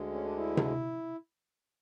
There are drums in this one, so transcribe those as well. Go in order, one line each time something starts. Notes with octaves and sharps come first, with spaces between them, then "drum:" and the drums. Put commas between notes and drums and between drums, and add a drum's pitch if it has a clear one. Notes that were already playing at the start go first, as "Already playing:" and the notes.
Already playing: D2 D3 G#3
C#4
D4
E4
drum: tom C3